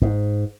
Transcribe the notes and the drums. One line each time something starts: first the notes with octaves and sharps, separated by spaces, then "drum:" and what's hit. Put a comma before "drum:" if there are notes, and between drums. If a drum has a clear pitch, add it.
G#2, drum: kick